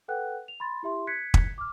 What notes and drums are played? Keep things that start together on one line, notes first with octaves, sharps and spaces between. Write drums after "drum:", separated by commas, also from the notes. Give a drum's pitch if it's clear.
A4 B4 F#5 G5 F#6
F7
B5 C6 A6
E4 G4 E5 C6
F#6 G#6 B6 C#7
drum: kick
D6 F6